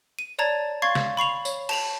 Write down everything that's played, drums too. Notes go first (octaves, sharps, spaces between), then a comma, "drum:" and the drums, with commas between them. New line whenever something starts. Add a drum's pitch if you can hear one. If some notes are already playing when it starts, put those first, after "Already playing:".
D#7
C#5 D5 A5 A#5 G#6 A6
F5 C6 C#6 G#6 A6 C7
drum: snare
B5 C#6 C7 F7
C#5, drum: tambourine
A5 F7 F#7, drum: cymbal